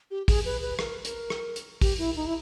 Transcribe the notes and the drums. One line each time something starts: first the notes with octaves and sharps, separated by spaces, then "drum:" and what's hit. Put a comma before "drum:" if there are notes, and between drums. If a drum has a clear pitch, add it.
G4
G#4, drum: kick, open hi-hat
B4
B4
A#4, drum: rim click
A#4, drum: hi-hat
drum: rim click
drum: hi-hat
G4, drum: kick, open hi-hat
E4
D#4
E4